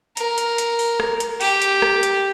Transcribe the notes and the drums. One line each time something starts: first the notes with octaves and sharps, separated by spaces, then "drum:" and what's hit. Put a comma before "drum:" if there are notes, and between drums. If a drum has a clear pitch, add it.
A#4, drum: hi-hat
drum: hi-hat
drum: hi-hat
drum: open hi-hat
drum: rim click
drum: hi-hat
G4, drum: open hi-hat
drum: hi-hat
drum: rim click
drum: hi-hat